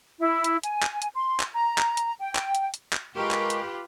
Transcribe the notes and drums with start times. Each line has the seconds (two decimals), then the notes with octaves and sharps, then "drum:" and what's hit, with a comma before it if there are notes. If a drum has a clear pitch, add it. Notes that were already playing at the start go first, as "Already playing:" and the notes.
0.20 E4
0.44 drum: hi-hat
0.63 G#5, drum: hi-hat
0.83 drum: clap
1.02 drum: hi-hat
1.15 C6
1.40 drum: clap
1.54 A#5
1.78 drum: clap
1.97 drum: hi-hat
2.20 G5
2.35 drum: clap
2.55 drum: hi-hat
2.74 drum: hi-hat
2.93 drum: clap
3.17 G#3 F4 G4 A#4 B4 C#6
3.31 drum: clap
3.50 drum: hi-hat